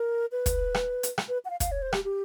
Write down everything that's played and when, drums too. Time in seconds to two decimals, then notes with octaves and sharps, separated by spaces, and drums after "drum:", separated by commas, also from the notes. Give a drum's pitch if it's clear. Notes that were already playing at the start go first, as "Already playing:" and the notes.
Already playing: A#4
0.32 B4
0.46 drum: kick, hi-hat
0.74 drum: rim click
1.03 drum: hi-hat
1.18 drum: rim click
1.28 B4
1.45 F#5
1.50 F5
1.60 F5, drum: kick, hi-hat
1.72 C#5
1.82 C5
1.93 G4, drum: rim click
2.04 G4